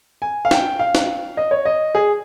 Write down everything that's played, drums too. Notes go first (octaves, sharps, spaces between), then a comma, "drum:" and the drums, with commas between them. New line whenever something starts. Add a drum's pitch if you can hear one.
G#5
F5
G5, drum: snare
F5
drum: snare
D#5
C#5
D#5
G#4